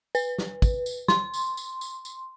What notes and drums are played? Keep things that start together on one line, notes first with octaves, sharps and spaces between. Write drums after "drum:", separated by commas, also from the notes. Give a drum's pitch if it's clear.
B4, drum: tambourine
drum: snare
drum: kick, tambourine
drum: tambourine
C6, drum: snare
drum: tambourine
drum: tambourine
drum: tambourine
drum: tambourine